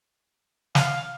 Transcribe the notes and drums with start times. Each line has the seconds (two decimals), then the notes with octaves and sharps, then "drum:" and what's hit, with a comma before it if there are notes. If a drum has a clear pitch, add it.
0.75 F5, drum: snare